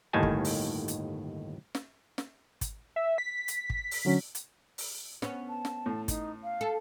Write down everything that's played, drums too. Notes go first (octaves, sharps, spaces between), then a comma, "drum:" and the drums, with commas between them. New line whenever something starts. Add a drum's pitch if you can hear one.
G1 D#2 A2 D#3 G#5 A5
drum: kick
drum: open hi-hat
drum: hi-hat
drum: snare
drum: snare
drum: kick, hi-hat
E5
B6
drum: hi-hat
drum: kick
drum: open hi-hat
D3 F#3 C#4
drum: hi-hat
drum: open hi-hat
B3 C#4, drum: snare
A5
drum: snare
A2
D#4, drum: kick, hi-hat
F5
A4